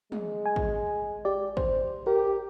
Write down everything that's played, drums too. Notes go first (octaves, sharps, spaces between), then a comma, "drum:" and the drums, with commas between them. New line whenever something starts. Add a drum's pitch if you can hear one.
G#3, drum: tom
G#5
drum: kick
G4 D5
C5, drum: kick
G4 A#4